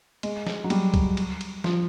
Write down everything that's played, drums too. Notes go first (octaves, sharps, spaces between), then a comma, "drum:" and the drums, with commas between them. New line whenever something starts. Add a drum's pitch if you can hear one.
G#3, drum: cymbal
drum: snare
F#3
G3, drum: cymbal
drum: kick C2, cymbal
drum: cymbal
drum: cymbal
F3, drum: snare